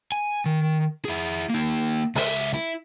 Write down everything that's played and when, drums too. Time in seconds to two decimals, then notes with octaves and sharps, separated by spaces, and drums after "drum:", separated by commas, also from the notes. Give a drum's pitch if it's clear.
0.12 G#5
0.46 D#3
1.05 E4 G#4
1.50 A#3 D#4
2.15 C#2 E5, drum: open hi-hat
2.54 E4